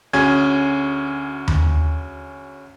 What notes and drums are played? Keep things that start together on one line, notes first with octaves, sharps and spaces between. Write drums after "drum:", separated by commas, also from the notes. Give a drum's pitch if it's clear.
D2 C#4 F#4 G#4 G#6
drum: tom D#2